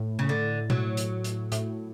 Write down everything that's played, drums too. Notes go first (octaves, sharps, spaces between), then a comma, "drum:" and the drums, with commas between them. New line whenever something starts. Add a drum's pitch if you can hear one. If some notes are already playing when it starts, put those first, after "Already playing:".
Already playing: A2
C#3
D3
F#3, drum: tom B2
drum: hi-hat
drum: hi-hat
A2, drum: hi-hat